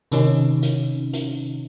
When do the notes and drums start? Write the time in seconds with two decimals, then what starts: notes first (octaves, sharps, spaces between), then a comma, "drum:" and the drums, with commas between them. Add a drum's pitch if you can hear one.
0.12 C3 D#3 C#4 D#4, drum: hi-hat
0.62 drum: hi-hat
1.13 drum: hi-hat